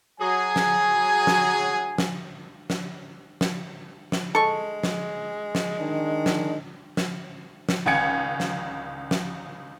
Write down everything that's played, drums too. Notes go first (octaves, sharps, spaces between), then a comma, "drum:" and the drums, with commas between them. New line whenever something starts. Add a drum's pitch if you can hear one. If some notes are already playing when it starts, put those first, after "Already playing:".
F#3 G#4 G#5
drum: snare
drum: snare
drum: snare
drum: snare
drum: snare
drum: snare
G#3 A4 C#6
drum: snare
drum: snare
D#3 D4
drum: snare
drum: snare
drum: snare
G#1 C#2 F#5 G#5 G#6 C#7
drum: snare
drum: snare